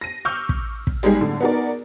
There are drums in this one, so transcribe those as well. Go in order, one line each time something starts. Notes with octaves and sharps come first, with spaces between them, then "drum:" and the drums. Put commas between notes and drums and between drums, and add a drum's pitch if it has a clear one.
A#6 D#7
C#6 D6 E6 F6 G6
drum: kick
drum: kick
G3 G#3 D#4 G4 G#4, drum: hi-hat
A2 D3
B3 D#4 F#4 G#4 A#4 D5